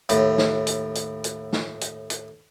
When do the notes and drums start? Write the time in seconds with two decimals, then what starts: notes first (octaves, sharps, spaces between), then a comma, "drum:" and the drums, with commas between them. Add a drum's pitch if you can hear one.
0.09 D#2 A2, drum: hi-hat
0.38 drum: snare
0.67 drum: hi-hat
0.95 drum: hi-hat
1.24 drum: hi-hat
1.53 drum: snare
1.81 drum: hi-hat
2.10 drum: hi-hat